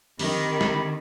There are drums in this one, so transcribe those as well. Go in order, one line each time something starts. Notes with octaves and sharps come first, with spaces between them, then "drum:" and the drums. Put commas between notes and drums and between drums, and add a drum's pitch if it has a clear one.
D#3 C4 G4 B5, drum: open hi-hat
drum: snare